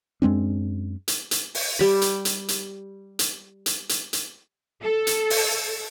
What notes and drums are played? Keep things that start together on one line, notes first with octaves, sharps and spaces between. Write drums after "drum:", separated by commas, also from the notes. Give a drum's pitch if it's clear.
F#2 G#3 C4 D4
drum: hi-hat
drum: hi-hat
drum: open hi-hat
G3 B5
drum: hi-hat
drum: hi-hat
drum: hi-hat
drum: hi-hat
drum: hi-hat
drum: hi-hat
drum: hi-hat
A4
drum: hi-hat
drum: open hi-hat